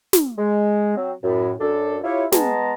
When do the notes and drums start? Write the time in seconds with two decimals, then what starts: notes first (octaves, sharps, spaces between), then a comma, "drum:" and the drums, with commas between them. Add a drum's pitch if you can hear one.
0.13 drum: snare
0.38 G#3
0.97 F#3 C4
1.24 F#2 A2
1.60 F#2 D4 A4
2.04 E4 F4 G4 C#5
2.32 G#3 B3 A5 A#5, drum: snare